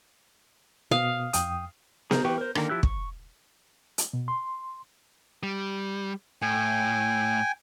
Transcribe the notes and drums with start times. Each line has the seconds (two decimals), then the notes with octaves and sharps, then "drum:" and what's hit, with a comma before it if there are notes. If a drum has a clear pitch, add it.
0.91 B2 F5 D#6
1.33 F2 G5 D#6, drum: hi-hat
2.11 G#4 A#4 C5 A#5, drum: snare B3
2.24 E3 G4 B4 G5 C#6
2.38 A#4 C5
2.55 D3 D#3 A#3 A#4, drum: rim click
2.69 F3 E4 G4 E6 F#6
2.83 C#6, drum: kick
3.98 drum: hi-hat
4.13 B2
4.28 C6
5.43 G3
6.42 A2 G5 G#5